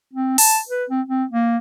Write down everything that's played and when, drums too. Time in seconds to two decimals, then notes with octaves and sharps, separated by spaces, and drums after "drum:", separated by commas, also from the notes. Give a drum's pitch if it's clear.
0.13 C4
0.38 A5, drum: open hi-hat
0.69 B4
0.90 C4
1.08 C4
1.31 A#3